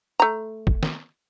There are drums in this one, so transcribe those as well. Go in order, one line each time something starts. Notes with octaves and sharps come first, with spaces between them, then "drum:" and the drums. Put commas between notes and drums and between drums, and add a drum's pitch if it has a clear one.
A3 A#5
drum: kick
drum: snare